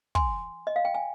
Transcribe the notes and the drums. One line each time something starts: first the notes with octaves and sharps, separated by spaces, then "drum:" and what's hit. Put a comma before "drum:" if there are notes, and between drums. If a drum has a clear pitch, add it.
G#5 C6, drum: kick
D#5
F5
G5
G#5